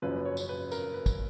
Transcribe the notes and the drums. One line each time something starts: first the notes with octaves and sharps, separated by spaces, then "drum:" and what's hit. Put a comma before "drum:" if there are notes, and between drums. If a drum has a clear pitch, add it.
F#1 F#2 C#3 F3 B4
B4
C#5
drum: tambourine
B4
A#4, drum: tambourine
B4
drum: kick, tambourine